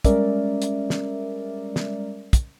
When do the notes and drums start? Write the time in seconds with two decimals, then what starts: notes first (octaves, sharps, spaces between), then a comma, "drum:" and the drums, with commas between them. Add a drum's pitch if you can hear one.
0.04 G3 G#3 C#4 A#4 D5 E5, drum: kick, hi-hat
0.62 drum: hi-hat
0.90 drum: snare
1.76 drum: snare
2.33 drum: kick, hi-hat